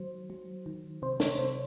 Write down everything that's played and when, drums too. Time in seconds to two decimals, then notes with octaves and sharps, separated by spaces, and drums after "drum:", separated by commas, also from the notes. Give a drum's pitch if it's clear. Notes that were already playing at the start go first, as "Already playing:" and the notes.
Already playing: D#3 F#3 C5
0.30 F#3
0.66 D#3
1.02 C3 C5
1.20 C#5, drum: snare
1.38 C3 C5